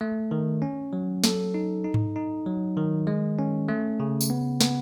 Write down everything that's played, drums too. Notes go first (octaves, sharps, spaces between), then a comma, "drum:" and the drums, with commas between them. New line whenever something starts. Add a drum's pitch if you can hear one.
A3
D#3
C#4
F#3
A4, drum: snare
D#4
D#4
drum: tom G#2
D#4
F#3
D#3
G#3
C#4
A3
C#3
drum: tambourine
B3
B3, drum: snare